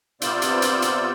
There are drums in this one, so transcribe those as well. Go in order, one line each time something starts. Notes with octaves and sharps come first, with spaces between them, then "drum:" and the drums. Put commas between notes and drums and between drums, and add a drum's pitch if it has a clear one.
C3 B3 F4 D5 E6 G6, drum: hi-hat
drum: hi-hat
drum: hi-hat
drum: hi-hat